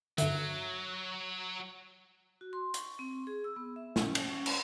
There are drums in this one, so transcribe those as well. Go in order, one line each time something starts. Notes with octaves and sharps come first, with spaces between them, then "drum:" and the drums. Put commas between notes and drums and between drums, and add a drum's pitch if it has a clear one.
G2 D3 F#3 E5, drum: hi-hat
F#4
C6
C#6, drum: hi-hat
C4
G#4
E6
B3
E5
C#4, drum: snare
drum: cymbal
C#4
B4, drum: cymbal